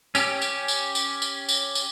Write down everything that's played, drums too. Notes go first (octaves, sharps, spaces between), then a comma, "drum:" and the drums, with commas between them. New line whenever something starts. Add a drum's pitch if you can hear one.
C#4 G4, drum: tambourine
drum: tambourine
drum: tambourine
drum: tambourine
drum: tambourine
drum: tambourine
drum: tambourine